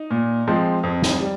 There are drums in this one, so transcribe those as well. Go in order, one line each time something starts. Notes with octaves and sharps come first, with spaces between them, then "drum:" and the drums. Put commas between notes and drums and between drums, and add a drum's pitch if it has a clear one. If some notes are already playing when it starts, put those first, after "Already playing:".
Already playing: D#4
A#2
F3 G#3 C4
F2
drum: snare
G3